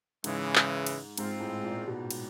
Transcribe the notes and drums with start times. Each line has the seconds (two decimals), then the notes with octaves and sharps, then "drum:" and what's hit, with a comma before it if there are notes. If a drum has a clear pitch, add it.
0.24 G#2 C#3 E3 G#3, drum: cymbal
0.56 drum: clap
0.87 drum: cymbal
1.17 G#2 G#3 C4 F4, drum: cymbal
1.40 A2
1.64 A#2
1.88 B2
2.11 drum: cymbal